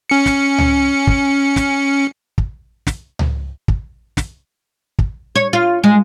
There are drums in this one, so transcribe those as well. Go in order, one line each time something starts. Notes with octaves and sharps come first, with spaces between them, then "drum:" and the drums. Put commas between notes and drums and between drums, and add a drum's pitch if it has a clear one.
C#4 C#7
drum: snare
drum: tom C#2
drum: kick
drum: snare
drum: kick
drum: snare
drum: tom C#2
drum: kick
drum: snare
drum: kick
C#5
F4
G#3